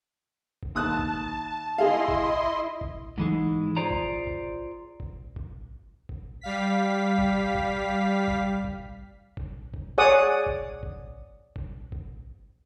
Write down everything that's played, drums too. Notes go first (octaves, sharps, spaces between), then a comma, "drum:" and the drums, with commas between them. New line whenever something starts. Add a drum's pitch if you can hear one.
drum: kick G#1
D#2 A5 D#6 F#6
drum: kick G#1
E4 G#4 D#5 F5 C6
drum: kick G#1
drum: kick G#1
G#2 E3 G#3, drum: kick G#1
F4 G#4 C5 D5 A#5
drum: kick G#1
drum: kick G#1
drum: kick G#1
drum: kick G#1
drum: kick G#1
G3 F5 B6
drum: kick G#1
drum: kick G#1
drum: kick G#1
drum: kick G#1
drum: kick G#1
drum: kick G#1
G#4 C#5 D5 F#5 D#6
drum: kick G#1
drum: kick G#1
drum: kick G#1
drum: kick G#1